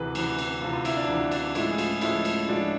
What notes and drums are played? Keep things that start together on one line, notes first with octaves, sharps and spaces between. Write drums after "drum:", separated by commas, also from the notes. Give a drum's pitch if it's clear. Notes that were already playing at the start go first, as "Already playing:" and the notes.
Already playing: D2 C3 E3 G#4 B4
D2 C3 E3, drum: cymbal
drum: cymbal
D2 C3 E3 F4
F4
E4, drum: cymbal
D4
D2 C3 E3
D4, drum: cymbal
A2 F3 G#3 E4, drum: cymbal
G#4
F4, drum: cymbal
A2 F3 G#3 E4, drum: cymbal
drum: cymbal
A2 F3 G#3 D4